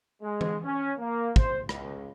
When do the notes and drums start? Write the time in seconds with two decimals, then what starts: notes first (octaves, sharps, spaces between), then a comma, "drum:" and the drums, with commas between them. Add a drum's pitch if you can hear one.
0.22 G#3
0.41 drum: tom E3
0.64 C#4
0.98 A#3
1.36 C5, drum: kick
1.69 C#2, drum: rim click